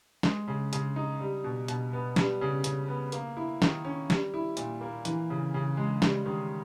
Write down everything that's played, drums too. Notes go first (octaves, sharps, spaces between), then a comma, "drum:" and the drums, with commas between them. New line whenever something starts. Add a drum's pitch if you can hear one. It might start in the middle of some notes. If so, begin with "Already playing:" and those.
G#3, drum: snare
C#3
C#3, drum: hi-hat
D#4
G3
B2
B2, drum: hi-hat
B3
G3, drum: snare
C#3
C#3, drum: hi-hat
B3
A#3, drum: hi-hat
E4
D#3, drum: snare
C#4
G3, drum: snare
E4
A#2, drum: hi-hat
A#3
E3, drum: hi-hat
C#3
C#3
G#3
G3, drum: snare
D#3